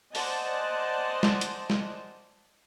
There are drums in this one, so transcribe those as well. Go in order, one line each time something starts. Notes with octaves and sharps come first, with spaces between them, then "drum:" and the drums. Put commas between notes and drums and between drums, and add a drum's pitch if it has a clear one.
C5 D5 D#5 F#5 G#5 A5, drum: open hi-hat
drum: snare
drum: hi-hat
drum: snare